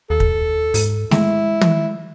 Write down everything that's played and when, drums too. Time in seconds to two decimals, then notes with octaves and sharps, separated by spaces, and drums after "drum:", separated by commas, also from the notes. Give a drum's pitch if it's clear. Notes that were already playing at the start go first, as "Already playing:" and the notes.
0.10 D#2 A4
0.20 drum: kick
0.74 G#2, drum: open hi-hat
1.11 G#3 E4, drum: snare A3
1.61 drum: tom